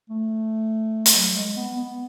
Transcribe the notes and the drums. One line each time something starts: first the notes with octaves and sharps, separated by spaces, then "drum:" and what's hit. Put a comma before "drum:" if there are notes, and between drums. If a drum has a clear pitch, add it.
A3
drum: hi-hat
F#3
G#3
B3
B3